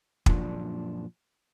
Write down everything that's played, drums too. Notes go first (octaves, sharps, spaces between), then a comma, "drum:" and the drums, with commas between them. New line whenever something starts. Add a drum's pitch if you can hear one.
F#2 A#2 F3 D4, drum: kick